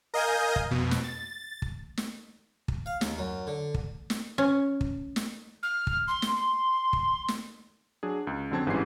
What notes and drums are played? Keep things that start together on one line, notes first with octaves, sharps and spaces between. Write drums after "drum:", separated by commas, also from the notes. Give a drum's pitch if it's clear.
A#4 D#5 F5 G#5 D#6 G6
drum: kick
F2 B2
drum: snare
A6
drum: kick
drum: snare
drum: kick
F5
D#2, drum: snare
F#2
D3
drum: kick
drum: snare
C#4
drum: kick
drum: snare
F6
drum: kick
C6
drum: snare
C6
drum: kick
drum: snare
F#3 D4 G#4
C#2
F2 D3 F#3 C4 A5 G#6
G1 G#2 E3 G3 C#4 C7